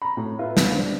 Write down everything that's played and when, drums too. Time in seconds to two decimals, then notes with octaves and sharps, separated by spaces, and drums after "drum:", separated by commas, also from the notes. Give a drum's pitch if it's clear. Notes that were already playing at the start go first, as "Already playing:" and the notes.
0.02 A#5 B5
0.17 A2
0.39 E4 F4 B4
0.57 B3, drum: snare
0.72 D4 C5